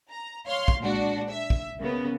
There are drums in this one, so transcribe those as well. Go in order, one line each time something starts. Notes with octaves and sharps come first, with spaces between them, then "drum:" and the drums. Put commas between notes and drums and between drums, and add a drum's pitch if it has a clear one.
A#5
C#5 F5 C6 F6
drum: kick
A#2 G#3 D4 F#4
E5
drum: kick
C#3 A#3 B3